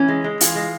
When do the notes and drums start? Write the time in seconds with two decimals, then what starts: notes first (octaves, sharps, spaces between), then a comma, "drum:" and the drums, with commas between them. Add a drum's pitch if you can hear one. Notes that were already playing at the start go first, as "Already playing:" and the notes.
Already playing: E3 C#4
0.08 G#3
0.24 G#3
0.41 E3 F4, drum: hi-hat
0.55 G#3